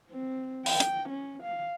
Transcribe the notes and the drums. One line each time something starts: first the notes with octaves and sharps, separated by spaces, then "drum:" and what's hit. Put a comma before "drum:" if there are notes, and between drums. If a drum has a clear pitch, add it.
C4
G5, drum: open hi-hat
drum: hi-hat
C#4
F5